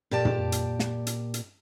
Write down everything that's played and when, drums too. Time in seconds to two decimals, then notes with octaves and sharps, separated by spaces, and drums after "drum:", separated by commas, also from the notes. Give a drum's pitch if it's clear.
0.11 A#2 G4 D5 A5
0.25 drum: tom
0.52 drum: hi-hat
0.79 drum: snare
1.07 drum: hi-hat
1.34 drum: hi-hat